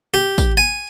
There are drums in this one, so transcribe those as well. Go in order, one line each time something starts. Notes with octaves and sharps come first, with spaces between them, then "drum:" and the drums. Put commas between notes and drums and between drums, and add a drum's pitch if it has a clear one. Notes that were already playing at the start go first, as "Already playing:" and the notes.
G4
drum: kick, tambourine
G#5